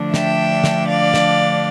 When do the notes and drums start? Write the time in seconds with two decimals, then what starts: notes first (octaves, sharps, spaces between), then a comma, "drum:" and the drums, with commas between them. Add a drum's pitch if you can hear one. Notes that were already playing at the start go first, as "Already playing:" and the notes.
Already playing: D3 F3 A3 D4
0.14 E5 G5, drum: snare
0.64 drum: snare
0.88 D5 F5
1.14 drum: snare